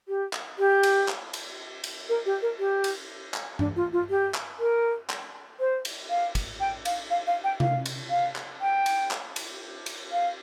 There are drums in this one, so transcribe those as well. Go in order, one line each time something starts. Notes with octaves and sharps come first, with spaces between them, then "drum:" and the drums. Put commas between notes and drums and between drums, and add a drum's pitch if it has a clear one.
G4
drum: clap
G4
drum: cymbal
drum: clap
drum: cymbal
drum: cymbal
A#4
G4
A#4
G4
drum: cymbal
drum: clap
D4, drum: tom G2
F4
F4
G4
drum: clap
A#4
drum: clap
C5
drum: cymbal
F5
drum: kick, cymbal
G5
F5, drum: cymbal
F5
F5
G5
F5, drum: tom C3
drum: cymbal
F5
drum: clap
G5
drum: cymbal
drum: clap
drum: cymbal
drum: cymbal
F5